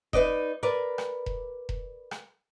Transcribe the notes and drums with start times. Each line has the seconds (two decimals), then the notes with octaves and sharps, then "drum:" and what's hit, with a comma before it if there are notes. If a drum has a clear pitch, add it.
0.13 D#4 B4 D5 D#5, drum: kick E1
0.63 A#4 B4 D5
0.98 drum: rim click
1.26 drum: kick E1
1.69 drum: kick E1
2.11 drum: rim click